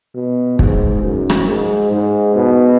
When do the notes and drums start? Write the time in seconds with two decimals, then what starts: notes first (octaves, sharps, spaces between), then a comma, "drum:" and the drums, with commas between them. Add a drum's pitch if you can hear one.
0.15 B2
0.59 G#2, drum: kick
1.03 F#2
1.30 drum: rim click
1.47 G#2
1.92 G#2
2.36 B2